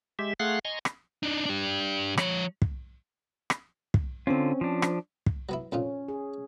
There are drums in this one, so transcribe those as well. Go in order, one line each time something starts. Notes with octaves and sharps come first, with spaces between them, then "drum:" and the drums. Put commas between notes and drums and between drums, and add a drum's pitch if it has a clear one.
G#3 G4 E5
A3 G#4 F5 F#5 C6 F#6
D#5 G#5 A#5 C6 C#6
drum: rim click
D4 D#4
D4 G4
F3 C#5, drum: rim click
drum: kick
drum: rim click
drum: kick
D3 C4 C#4 F4
F3 D4
drum: rim click
drum: kick
F#3 B3 E4
F2 A#2 C#4 F4
G#4